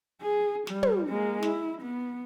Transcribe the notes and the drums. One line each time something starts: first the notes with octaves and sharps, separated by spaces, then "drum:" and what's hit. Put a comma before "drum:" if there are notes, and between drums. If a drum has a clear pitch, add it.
G#4
G3, drum: snare
drum: tom
G#3 A#3
E4, drum: snare
B3